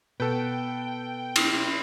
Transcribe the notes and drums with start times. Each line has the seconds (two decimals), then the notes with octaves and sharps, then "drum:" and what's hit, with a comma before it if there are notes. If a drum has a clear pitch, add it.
0.20 B2 A4 B4 G5
1.36 drum: cymbal